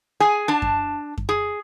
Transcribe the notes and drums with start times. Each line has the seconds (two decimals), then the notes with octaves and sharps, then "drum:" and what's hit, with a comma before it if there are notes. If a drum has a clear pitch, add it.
0.20 G#4 G#5
0.48 D4 A5
0.62 drum: kick F#2
1.18 drum: kick F#2
1.29 G#4